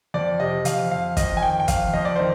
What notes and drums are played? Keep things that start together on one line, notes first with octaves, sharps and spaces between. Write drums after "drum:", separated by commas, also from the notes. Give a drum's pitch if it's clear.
F2 D5
C3 D#5
F2 F5, drum: hi-hat
F2 F5
F2 D#5, drum: kick, hi-hat
G#5
D#3 G5
G5
F2 F5, drum: kick, hi-hat
F2 D#5
D5
D#3 C5